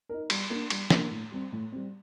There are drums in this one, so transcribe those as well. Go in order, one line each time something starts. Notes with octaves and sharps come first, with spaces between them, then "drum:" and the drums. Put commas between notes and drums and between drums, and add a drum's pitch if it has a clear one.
D#4 A#4
G3, drum: cymbal
A#3 D4
G3, drum: cymbal
A#3 D4, drum: snare
A2
G3 C4
A2
G3 C4